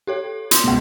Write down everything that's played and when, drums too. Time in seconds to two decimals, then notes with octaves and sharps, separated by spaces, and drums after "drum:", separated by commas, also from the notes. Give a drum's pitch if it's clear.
0.07 G4 A4 C#5
0.51 C6, drum: hi-hat
0.64 C#2 B2